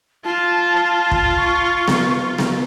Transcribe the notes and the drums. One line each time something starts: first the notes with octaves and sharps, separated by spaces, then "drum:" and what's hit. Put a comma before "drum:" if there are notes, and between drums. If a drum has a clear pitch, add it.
F4 A5
drum: kick
C#6
drum: snare B3
drum: snare B3